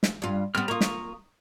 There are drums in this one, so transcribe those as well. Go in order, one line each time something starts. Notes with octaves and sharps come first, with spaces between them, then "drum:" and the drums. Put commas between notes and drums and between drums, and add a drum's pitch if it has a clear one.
drum: snare
G2 F4
G3 B3 C4 F6
A#3 F4 A#5 C#6 D#6
drum: snare